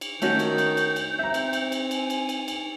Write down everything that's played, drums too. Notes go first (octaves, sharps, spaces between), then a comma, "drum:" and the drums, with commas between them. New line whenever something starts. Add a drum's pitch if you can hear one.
drum: cymbal
D#3 A3 C#4 F#4 G6, drum: cymbal
drum: cymbal
drum: cymbal
drum: cymbal
drum: cymbal
C4 E5 A#5
drum: cymbal
drum: cymbal
drum: cymbal
G#5, drum: cymbal
drum: cymbal
drum: cymbal
drum: cymbal